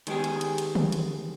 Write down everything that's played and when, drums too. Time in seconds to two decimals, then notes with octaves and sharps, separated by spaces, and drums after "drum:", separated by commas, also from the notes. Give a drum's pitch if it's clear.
0.07 D#3 G#3 B3 G4 G#4, drum: hi-hat
0.24 drum: hi-hat
0.41 drum: hi-hat
0.58 drum: hi-hat
0.75 drum: tom D3
0.92 drum: hi-hat